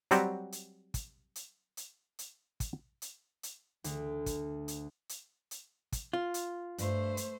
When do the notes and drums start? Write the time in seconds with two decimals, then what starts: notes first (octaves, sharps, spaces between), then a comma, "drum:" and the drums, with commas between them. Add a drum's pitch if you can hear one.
0.11 F#3 G3 C4 F#4 G4, drum: hi-hat
0.52 drum: hi-hat
0.94 drum: kick, hi-hat
1.36 drum: hi-hat
1.77 drum: hi-hat
2.19 drum: hi-hat
2.60 drum: kick, hi-hat
3.02 drum: hi-hat
3.43 drum: hi-hat
3.84 D2, drum: hi-hat
4.26 drum: kick, hi-hat
4.68 drum: hi-hat
5.09 drum: hi-hat
5.51 drum: hi-hat
5.92 drum: kick, hi-hat
6.13 F4
6.34 drum: hi-hat
6.78 G2 A3 C5, drum: hi-hat
7.17 drum: hi-hat